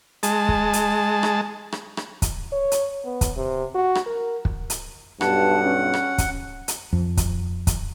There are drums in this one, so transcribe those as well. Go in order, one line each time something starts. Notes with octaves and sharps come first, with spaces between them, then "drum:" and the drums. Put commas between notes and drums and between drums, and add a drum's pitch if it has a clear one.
G#3 A5, drum: hi-hat
drum: kick
drum: hi-hat
drum: rim click
drum: rim click
drum: rim click
drum: kick, hi-hat
C#5
drum: hi-hat
B3
drum: kick, hi-hat
C3
F#4
drum: rim click
A#4
drum: kick
drum: hi-hat
B1 G2 F#5 A5, drum: rim click
C#4
drum: rim click
drum: kick, hi-hat
drum: hi-hat
F2 F3
drum: kick, hi-hat
drum: kick, hi-hat